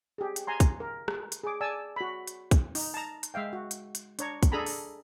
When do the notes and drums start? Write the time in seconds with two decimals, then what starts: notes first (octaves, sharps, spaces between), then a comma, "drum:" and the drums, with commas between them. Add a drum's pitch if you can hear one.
0.18 G4 G#4
0.36 drum: hi-hat
0.47 G#5 A#5 C6
0.60 drum: kick, hi-hat
0.80 A#4
1.08 drum: rim click
1.32 drum: hi-hat
1.44 G#4 D6
1.61 D5 G#5 A5 E6
1.96 F#4 B5
2.27 drum: hi-hat
2.51 drum: kick, hi-hat
2.75 D#4, drum: open hi-hat
2.94 A5 A#5
3.23 drum: hi-hat
3.34 G#3 E5 F5 G5
3.53 F#4
3.71 drum: hi-hat
3.95 drum: hi-hat
4.19 D4 C#5 A#5, drum: hi-hat
4.43 drum: kick, hi-hat
4.52 D4 G#4 A4 G#5 A#5 B5
4.66 drum: open hi-hat